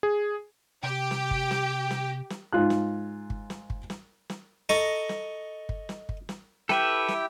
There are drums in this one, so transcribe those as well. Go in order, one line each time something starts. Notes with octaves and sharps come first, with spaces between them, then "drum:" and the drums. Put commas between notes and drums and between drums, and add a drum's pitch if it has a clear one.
G#4
C3 G4 G5
drum: snare
drum: kick
drum: snare
drum: snare
drum: snare
G#2 F4 F#6
drum: snare
drum: kick
drum: snare
drum: kick
drum: snare
drum: snare
A4 D#5 A#5 C#6, drum: snare
drum: snare
drum: kick
drum: snare
drum: kick
drum: snare
E4 G4 A4 B4 E5 G5, drum: snare
drum: snare